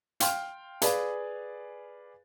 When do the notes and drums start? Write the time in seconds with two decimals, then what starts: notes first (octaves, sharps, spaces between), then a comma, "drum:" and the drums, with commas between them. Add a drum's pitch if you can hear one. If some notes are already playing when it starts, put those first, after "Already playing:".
0.20 F5 G5 C6 F6, drum: hi-hat
0.82 G#4 B4 D5 F5 G#5, drum: hi-hat